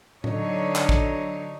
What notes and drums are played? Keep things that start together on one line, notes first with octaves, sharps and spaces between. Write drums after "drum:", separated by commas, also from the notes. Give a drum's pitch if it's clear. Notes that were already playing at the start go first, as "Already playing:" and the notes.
D3 F#3 D#4 C#5, drum: tom A2
drum: clap
drum: kick